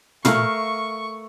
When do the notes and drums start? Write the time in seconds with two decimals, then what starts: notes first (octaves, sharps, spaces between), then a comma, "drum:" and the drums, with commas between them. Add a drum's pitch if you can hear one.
0.25 A3 A#4 F5 C#6, drum: tom